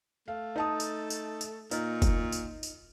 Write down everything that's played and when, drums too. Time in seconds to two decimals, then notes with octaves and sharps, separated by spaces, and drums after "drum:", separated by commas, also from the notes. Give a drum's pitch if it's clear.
0.28 A3 F5
0.56 D#4 A5 D#6
0.80 drum: tambourine
1.10 drum: tambourine
1.41 drum: tambourine
1.71 A#2 D#4, drum: tambourine
2.02 drum: kick, tambourine
2.32 drum: tambourine
2.63 drum: tambourine